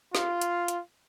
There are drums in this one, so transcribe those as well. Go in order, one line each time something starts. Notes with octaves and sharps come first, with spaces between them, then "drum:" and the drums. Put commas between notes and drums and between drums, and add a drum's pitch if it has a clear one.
F4, drum: snare
drum: hi-hat
drum: hi-hat